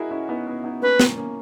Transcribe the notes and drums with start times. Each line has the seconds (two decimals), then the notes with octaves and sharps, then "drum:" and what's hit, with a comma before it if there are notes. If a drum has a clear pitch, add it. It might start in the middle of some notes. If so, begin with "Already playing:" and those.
Already playing: E4 F#4 G#4 A#4 D#5
0.11 C#4 E4
0.29 B3 D#4
0.47 B3
0.64 B3 D#4
0.82 A#3 C#4 B4
1.00 A#3, drum: snare
1.17 A#3 C#4